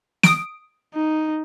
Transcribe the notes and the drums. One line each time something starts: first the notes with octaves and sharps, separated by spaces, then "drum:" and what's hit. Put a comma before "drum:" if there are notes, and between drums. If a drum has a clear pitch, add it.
D#6 D7, drum: snare
D#4